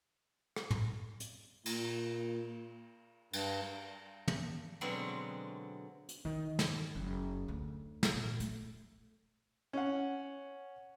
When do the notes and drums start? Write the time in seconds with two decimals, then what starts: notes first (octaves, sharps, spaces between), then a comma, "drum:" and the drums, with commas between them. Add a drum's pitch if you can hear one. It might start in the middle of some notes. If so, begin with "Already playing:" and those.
0.56 drum: rim click
0.71 drum: tom
1.20 drum: hi-hat
1.66 A#2, drum: cymbal
3.33 G2, drum: cymbal
4.28 drum: tom
4.81 B2 D3 F#3 G#3 B3 C4
6.09 drum: hi-hat
6.25 D#3
6.59 drum: snare
6.95 F#1
7.48 D2
8.03 drum: snare
8.14 A#2
8.40 A3, drum: hi-hat
9.73 C#4 F#5